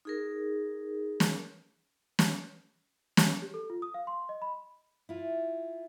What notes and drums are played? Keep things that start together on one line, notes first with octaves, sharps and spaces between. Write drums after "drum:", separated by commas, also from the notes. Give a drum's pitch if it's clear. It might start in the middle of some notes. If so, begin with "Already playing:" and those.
D#4 G#4 A#4
drum: snare
drum: snare
drum: snare
G4
A4
F4
D#6
F5
C6
D#5
B5
E4 F4